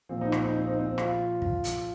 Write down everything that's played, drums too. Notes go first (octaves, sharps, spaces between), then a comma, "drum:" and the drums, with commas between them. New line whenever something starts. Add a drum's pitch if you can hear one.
A#2 F3 C4
D#4
C4, drum: rim click
D#4
C4
D#4
C4
F4, drum: rim click
drum: kick
drum: hi-hat